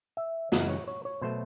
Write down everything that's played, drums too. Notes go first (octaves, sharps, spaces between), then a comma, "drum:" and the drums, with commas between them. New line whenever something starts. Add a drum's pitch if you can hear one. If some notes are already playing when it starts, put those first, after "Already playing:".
E5
F#2 C#3 E3 G#3 C4 D#5, drum: snare
C#5
C#5
C#5
B2 F#3 A3 C5